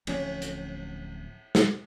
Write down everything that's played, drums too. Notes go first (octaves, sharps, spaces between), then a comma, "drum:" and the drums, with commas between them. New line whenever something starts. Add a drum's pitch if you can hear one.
D1 F3 C4 C#4, drum: cymbal
drum: hi-hat
drum: snare